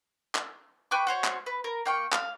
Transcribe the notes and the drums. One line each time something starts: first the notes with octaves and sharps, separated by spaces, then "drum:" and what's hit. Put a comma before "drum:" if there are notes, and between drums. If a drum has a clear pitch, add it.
drum: clap
B4 G5 C#6 D6
F#4 C5 C#5
drum: clap
B4
A#4
A#3 G5 C#6
F5, drum: clap